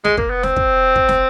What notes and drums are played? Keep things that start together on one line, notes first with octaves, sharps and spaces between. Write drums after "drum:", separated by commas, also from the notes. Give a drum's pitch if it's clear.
G#3, drum: snare
A#3, drum: kick
B3
C4, drum: snare
drum: kick
drum: kick
drum: snare